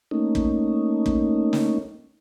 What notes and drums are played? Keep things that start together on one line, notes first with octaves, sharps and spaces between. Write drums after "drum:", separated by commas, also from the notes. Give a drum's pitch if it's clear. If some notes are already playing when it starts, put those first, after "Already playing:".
A3 A#3 C#4 D#4
drum: kick
drum: kick
drum: snare